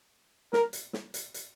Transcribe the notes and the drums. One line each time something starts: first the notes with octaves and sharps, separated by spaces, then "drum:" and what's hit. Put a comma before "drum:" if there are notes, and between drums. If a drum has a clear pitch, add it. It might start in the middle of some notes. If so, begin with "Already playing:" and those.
A#4, drum: snare
drum: hi-hat
drum: snare
drum: hi-hat
drum: hi-hat